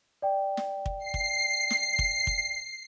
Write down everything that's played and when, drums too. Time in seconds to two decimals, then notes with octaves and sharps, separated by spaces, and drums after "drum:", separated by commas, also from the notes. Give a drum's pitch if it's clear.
0.22 D5 G5
0.57 drum: snare
0.86 drum: kick
1.00 C7
1.14 drum: kick
1.70 drum: snare
1.99 drum: kick
2.27 drum: kick